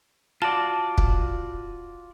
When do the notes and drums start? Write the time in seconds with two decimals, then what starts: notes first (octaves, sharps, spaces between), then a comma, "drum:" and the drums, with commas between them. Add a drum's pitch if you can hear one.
0.42 F4 F#4 D5 A5
0.98 drum: kick